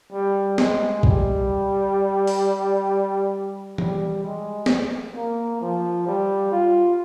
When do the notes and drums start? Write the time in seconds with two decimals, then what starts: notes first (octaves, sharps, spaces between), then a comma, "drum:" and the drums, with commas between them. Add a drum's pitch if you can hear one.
0.12 G3
0.58 G#3, drum: snare
1.03 G3, drum: kick
2.27 drum: open hi-hat
3.78 G3, drum: tom E3
4.24 G#3
4.66 drum: snare
5.15 A#3
5.61 F3
6.07 G3
6.52 F4